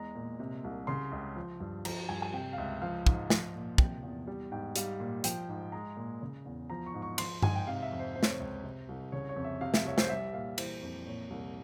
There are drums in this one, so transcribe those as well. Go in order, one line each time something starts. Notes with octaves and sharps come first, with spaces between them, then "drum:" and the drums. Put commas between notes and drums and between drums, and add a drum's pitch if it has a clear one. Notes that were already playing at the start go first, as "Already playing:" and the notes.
Already playing: E2 G#3 A#5
A#2
C3
C2
C#3 C6
C#2
F3
G2
F3 A#5, drum: cymbal
G2 G#5
G#5
C3 G5
F5
C#2 E5
F3 F5
G#2, drum: kick
F3, drum: snare
A#2
C3 G5, drum: kick
E2
G3
G#2 G5
G3 F5, drum: hi-hat
A#2
F3 G5, drum: hi-hat
G#2
G#3 A#5
A#2
C#3
E2
F3 A#5
C#6
G#2
C#6
F3 C6, drum: cymbal
G#2 G#5, drum: tom G2
G5
C3 F5
E5
F2
C5
C3 C5
C#5, drum: snare
C5
C#2
C3
C2
C#3 C#5
C#5
F2
E5
C3 F5
E5, drum: snare
C2 C#5
C5, drum: snare
G3 E5
A#2 F5
E3 C5, drum: cymbal
F2
A#2 C#5
C2